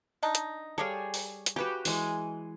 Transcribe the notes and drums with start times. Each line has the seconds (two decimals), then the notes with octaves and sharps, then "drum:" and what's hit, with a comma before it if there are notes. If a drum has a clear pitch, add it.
0.23 D4 D#4 A5
0.35 drum: hi-hat
0.78 G3 G#4 A4 C#5 D5 F5
1.14 drum: open hi-hat
1.46 drum: hi-hat
1.56 C#3 F#4 G4 B4
1.85 E3 G#3, drum: open hi-hat